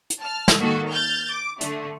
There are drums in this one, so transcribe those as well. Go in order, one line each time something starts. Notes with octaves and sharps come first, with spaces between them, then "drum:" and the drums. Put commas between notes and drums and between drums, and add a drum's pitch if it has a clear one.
drum: hi-hat
A5 F6
drum: snare
D#3 A#3 F#4 A4
F6 G6 A6
D6
D3 A3, drum: hi-hat